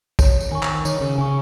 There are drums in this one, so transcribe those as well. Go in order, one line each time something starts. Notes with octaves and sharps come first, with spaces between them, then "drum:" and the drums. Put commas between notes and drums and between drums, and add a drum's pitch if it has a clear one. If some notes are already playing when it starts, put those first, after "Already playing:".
C#5, drum: kick, tambourine
drum: tambourine
D#3 G#5 C#6
drum: clap
D#3 C#5, drum: tambourine
C#3
C#3 G#5 C#6